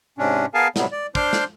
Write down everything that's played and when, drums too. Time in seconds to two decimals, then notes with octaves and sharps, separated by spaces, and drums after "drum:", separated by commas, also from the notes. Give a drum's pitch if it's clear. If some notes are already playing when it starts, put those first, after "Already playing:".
0.18 G#2 C3 C#4 D4
0.54 B3 G#4 A#4 F5 G#5 A5
0.76 A2 C3 F#3 G3 B3, drum: snare
0.92 D5
1.15 D4 C5 C6 D6 F6 G6, drum: kick
1.33 drum: snare